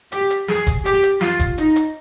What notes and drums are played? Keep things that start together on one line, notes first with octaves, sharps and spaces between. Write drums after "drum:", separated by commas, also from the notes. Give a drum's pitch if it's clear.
G4, drum: hi-hat
drum: hi-hat
G#4, drum: snare
drum: kick F1, hi-hat
G4, drum: hi-hat
drum: hi-hat
F4, drum: snare
drum: kick F1, hi-hat
D#4, drum: hi-hat
drum: hi-hat